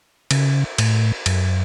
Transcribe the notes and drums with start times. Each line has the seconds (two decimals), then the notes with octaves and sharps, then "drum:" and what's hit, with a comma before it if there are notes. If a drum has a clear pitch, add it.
0.31 C#3, drum: cymbal
0.78 A2, drum: cymbal
1.26 F#2, drum: cymbal